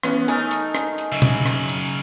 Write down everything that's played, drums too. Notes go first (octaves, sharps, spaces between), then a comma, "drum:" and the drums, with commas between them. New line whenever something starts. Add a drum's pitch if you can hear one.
E3 B3 C#4, drum: rim click
A3 D#4 A#4 G#5 D#6, drum: hi-hat
drum: hi-hat
drum: rim click
drum: hi-hat
C#3 F#3 E5
drum: tom B2
drum: rim click
drum: hi-hat